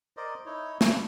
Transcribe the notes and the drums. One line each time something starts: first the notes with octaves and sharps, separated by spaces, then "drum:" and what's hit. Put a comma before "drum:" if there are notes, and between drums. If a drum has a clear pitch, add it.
A#4 C5 D5 D#5
D#4 E4 C#5
D4 B5, drum: snare